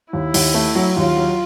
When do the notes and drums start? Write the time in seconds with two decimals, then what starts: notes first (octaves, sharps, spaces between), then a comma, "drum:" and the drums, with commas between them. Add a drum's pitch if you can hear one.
0.13 D#2 E4
0.34 D#2, drum: open hi-hat
0.54 A3
0.75 F#3
0.96 D#2 F4
1.17 F#3